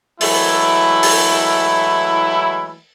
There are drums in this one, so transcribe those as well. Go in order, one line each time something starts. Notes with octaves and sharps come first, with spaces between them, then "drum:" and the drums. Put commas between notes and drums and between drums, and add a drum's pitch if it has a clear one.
E3 F#3 G#3 A3 E4, drum: open hi-hat
drum: open hi-hat